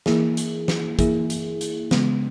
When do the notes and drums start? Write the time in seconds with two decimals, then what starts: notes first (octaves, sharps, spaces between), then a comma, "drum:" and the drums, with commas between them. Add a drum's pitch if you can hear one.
0.06 E3 A#3 E4 G#4, drum: snare
0.37 drum: hi-hat
0.68 drum: snare
0.99 E3 A#3 E4 G#4, drum: kick, hi-hat
1.30 drum: hi-hat
1.61 drum: hi-hat
1.91 C#3 G#3 B3, drum: snare